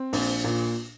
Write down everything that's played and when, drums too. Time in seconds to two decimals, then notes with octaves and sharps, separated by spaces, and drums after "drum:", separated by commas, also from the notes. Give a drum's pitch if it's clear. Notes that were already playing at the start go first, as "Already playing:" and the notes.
Already playing: C4
0.13 A#1, drum: open hi-hat
0.44 A#2